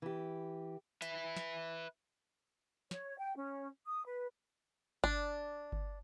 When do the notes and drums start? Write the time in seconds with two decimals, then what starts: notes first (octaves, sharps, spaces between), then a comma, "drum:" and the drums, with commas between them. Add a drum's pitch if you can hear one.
0.02 E3 G4
1.02 B4 E5, drum: hi-hat
1.37 drum: snare
2.91 C#5, drum: snare
3.18 G5
3.35 C#4
3.86 D#6
4.06 B4
5.04 D4, drum: kick G1
5.72 drum: kick G1